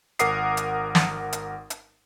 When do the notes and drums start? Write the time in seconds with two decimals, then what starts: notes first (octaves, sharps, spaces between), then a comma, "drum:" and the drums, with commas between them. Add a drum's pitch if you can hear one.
0.19 G#1 A#4 F#5 D6 D#6 C7, drum: hi-hat
0.57 drum: hi-hat
0.95 drum: snare
1.33 drum: hi-hat
1.70 drum: hi-hat